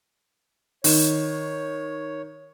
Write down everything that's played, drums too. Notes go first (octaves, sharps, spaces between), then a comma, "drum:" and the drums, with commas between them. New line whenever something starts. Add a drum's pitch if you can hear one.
D#3 C#5, drum: open hi-hat